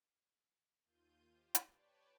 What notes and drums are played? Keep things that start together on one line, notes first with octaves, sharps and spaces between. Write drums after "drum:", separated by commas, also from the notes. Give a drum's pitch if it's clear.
D#2 F4 G6 D#7
F4 G4 C5
drum: hi-hat
B4 C#5 D5 G5 A5